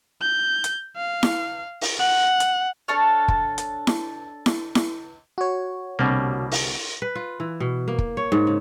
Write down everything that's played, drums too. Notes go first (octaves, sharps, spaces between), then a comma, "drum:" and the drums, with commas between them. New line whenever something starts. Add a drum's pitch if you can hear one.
G6
drum: hi-hat
F5
drum: snare E4
drum: open hi-hat
F#5
drum: hi-hat
D4 A4 C#5 F6
drum: kick
drum: hi-hat
drum: snare E4
drum: snare E4
drum: snare E4
F#4 C#5
C2 B2 D3 G3 A#3 C4
drum: open hi-hat
B4
F4
E3
B2
A#3
drum: kick
C#5
G#2
C#3